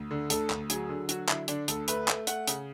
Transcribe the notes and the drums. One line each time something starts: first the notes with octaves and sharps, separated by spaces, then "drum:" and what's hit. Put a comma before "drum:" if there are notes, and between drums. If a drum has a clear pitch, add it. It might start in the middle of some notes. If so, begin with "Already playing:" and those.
Already playing: D2
D3
D2 A4, drum: hi-hat
D2, drum: clap
F#3 G#4, drum: hi-hat
D3
F#3 F#4, drum: hi-hat
D3 E4, drum: clap
D3 D4, drum: hi-hat
D2 A4, drum: hi-hat
A3 B4, drum: hi-hat
A3, drum: clap
A3 F#5, drum: hi-hat
C#3, drum: hi-hat